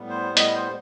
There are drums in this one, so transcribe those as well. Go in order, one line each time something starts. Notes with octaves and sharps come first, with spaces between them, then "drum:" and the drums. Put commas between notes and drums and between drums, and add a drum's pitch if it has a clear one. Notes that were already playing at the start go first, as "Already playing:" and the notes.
Already playing: A2 G3 B3
C5
D#5, drum: hi-hat
C5